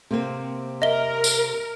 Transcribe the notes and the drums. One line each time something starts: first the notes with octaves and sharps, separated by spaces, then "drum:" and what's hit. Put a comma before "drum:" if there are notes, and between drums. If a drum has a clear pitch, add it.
C3 A#3 C4
A#4 D#5 E5 G7
drum: tambourine